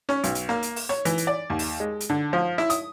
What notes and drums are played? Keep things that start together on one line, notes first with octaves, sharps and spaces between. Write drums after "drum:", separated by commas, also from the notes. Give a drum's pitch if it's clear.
C#4, drum: snare
B1, drum: hi-hat
drum: hi-hat
A#3, drum: snare
drum: hi-hat
drum: open hi-hat
C#5, drum: snare
E3, drum: hi-hat
drum: hi-hat
D5
D#2
drum: open hi-hat
G#3
drum: hi-hat
D3
F3
E4, drum: snare
D#6, drum: hi-hat